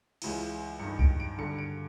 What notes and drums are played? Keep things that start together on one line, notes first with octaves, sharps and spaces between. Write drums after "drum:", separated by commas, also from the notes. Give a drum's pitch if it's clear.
C#2 C#3 E3, drum: cymbal
G2 D#3 C#7
D7, drum: kick C2
D7
G2 D3 C#7
D7